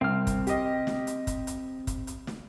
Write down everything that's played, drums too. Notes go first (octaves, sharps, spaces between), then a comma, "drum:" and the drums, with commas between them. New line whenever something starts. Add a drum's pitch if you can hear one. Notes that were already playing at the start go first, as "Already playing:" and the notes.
C2 C4 F6
drum: kick, hi-hat
G4 D#5, drum: hi-hat
drum: snare
drum: hi-hat
drum: kick, hi-hat
drum: hi-hat
drum: kick, hi-hat
drum: hi-hat
drum: snare